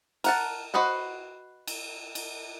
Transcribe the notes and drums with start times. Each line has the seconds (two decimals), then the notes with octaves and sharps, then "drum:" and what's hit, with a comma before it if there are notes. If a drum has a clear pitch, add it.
0.24 A#4 F#5 A5, drum: cymbal
0.74 F#4 B4 C5 D#5 F#5
1.67 drum: cymbal
2.15 drum: cymbal